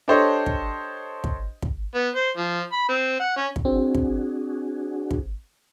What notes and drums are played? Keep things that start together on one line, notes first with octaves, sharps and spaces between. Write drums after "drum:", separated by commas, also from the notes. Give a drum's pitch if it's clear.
D4 G4 A4 C5 C#5 D#5
drum: kick
drum: kick
drum: kick
B3
C5
F3
B5
C4
F#5
C#4
drum: kick
C4 D4 F#4 G#4
drum: kick
drum: kick